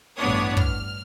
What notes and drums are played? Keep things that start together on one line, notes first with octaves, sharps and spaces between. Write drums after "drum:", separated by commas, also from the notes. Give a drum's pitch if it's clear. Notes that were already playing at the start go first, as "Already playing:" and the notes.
A1 G2 B3 D4 C#5 D#6
F6, drum: kick